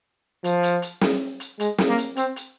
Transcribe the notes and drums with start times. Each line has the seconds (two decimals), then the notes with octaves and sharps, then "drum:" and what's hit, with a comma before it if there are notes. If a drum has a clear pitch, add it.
0.44 F3, drum: hi-hat
0.63 drum: hi-hat
0.82 drum: hi-hat
1.01 drum: snare
1.40 drum: hi-hat
1.60 G#3, drum: hi-hat
1.78 drum: snare
1.88 A#3
1.98 drum: hi-hat
2.16 C4, drum: hi-hat
2.36 drum: hi-hat